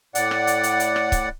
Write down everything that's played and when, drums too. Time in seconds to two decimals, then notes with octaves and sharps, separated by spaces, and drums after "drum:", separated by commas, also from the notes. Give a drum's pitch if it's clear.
0.15 A2 D5 F#5, drum: hi-hat
0.31 drum: rim click
0.47 drum: hi-hat
0.63 drum: hi-hat
0.80 drum: hi-hat
0.96 drum: rim click
1.12 drum: kick C#1, hi-hat